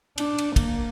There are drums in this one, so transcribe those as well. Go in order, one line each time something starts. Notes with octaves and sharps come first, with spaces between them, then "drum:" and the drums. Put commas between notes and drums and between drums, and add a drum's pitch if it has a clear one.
D4, drum: cymbal
drum: cymbal
A#3, drum: kick, cymbal